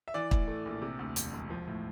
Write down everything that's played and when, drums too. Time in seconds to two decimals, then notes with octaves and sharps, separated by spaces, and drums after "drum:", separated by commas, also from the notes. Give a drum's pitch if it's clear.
0.08 E5
0.14 E3 D5
0.31 A2, drum: kick
0.48 A3
0.65 A#1
0.81 C3
0.99 D2
1.16 E1, drum: hi-hat
1.34 E1
1.50 F3
1.68 A2